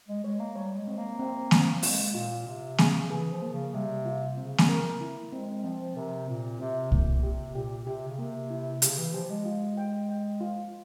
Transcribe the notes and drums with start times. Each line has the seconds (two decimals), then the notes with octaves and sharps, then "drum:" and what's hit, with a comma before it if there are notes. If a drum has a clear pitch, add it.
0.08 G#3
0.24 G#3 C#5
0.40 A#3
0.55 G3 C#5
0.77 G#3
0.87 C4
0.98 A#3
1.19 C4
1.51 C4, drum: snare A#3
1.83 G#3 F4, drum: open hi-hat
2.15 A#2 F4
2.47 C3 F4
2.78 C#3 G#4, drum: snare A#3
3.10 E3 G#4
3.31 F3
3.42 A#3
3.53 C#3
3.74 C3 G3
4.06 F4
4.37 C#3 C4
4.58 drum: snare A#3
4.69 A#4
5.01 E4
5.32 G#3 C4
5.64 F3 C4
5.96 C3 A#4
6.28 A#2 C4
6.60 C3 C4
6.92 A#2 A#3, drum: kick C2
7.23 C3 G4
7.55 A#2 G4
7.86 C3 G4
8.08 C#3
8.18 C3 A#3
8.50 E4
8.82 C#3 G4, drum: hi-hat
8.98 E3
9.13 F3 G4
9.30 G#3
9.46 F4
9.77 G5
10.09 G5
10.41 F4